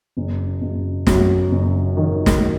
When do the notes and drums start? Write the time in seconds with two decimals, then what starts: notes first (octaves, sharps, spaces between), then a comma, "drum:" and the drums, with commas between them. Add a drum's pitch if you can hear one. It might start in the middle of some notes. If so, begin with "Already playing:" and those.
0.17 F#1
0.61 F#1
1.07 F#2, drum: snare
1.51 F#1
1.97 D#3
2.26 drum: snare